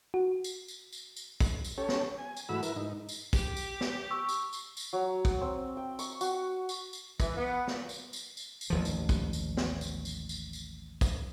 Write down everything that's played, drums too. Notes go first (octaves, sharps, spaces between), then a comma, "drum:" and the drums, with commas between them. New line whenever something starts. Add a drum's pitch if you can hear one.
F#4
drum: tambourine
drum: tambourine
drum: tambourine
drum: tambourine
drum: kick, tambourine
drum: tambourine
C#4 G4 A4 C#5
drum: snare
G#5
drum: tambourine
G#2 E3 A3 F#4 B5 E6
E4 A#4 B4, drum: tambourine
G#2 D#4
drum: tambourine
G4, drum: kick, tambourine
drum: tambourine
drum: snare
C#6 E6
drum: tambourine
drum: tambourine
drum: tambourine
F#3
drum: kick, tambourine
C4
G5
C#6, drum: tambourine
F#4, drum: tambourine
drum: tambourine
drum: tambourine
E3, drum: kick, tambourine
B3
A#2, drum: snare
drum: tambourine
drum: tambourine
drum: tambourine
drum: tambourine
A1 D#2 F3
drum: tambourine
drum: kick, tambourine
drum: tambourine
drum: snare
drum: tambourine
drum: tambourine
drum: tambourine
drum: tambourine
drum: kick, tambourine